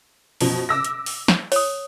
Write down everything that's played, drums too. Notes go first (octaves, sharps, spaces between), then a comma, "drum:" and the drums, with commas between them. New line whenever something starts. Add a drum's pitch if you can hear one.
F#2 B2 F3, drum: open hi-hat
D6 E6 A#6
drum: hi-hat
drum: open hi-hat
drum: snare
C#5 D#6, drum: open hi-hat